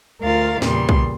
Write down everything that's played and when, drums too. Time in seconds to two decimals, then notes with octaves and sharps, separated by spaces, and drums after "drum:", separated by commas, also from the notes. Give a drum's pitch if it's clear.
0.23 D2 F4 A#4 F5 A6
0.62 E2 A#2 C#3 G3 C6, drum: snare
0.89 drum: kick